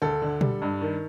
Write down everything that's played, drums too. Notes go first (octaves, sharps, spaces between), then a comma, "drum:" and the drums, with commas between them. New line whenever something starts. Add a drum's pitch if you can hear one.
D2 A4
D3
G3, drum: tom
G2
D#3